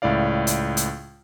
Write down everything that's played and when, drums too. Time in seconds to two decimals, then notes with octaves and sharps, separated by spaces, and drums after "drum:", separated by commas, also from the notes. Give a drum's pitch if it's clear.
0.02 C#2 A2 E4 D5 F5
0.47 drum: hi-hat
0.77 drum: hi-hat